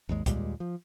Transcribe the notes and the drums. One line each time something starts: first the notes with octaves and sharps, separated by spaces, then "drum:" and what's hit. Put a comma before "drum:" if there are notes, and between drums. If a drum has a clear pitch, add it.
G#1 D#2 G#3
D#2 A#2 G3 G#3, drum: kick, hi-hat
F3